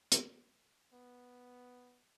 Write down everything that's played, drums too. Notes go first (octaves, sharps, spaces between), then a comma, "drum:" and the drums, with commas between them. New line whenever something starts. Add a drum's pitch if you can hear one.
drum: hi-hat
B3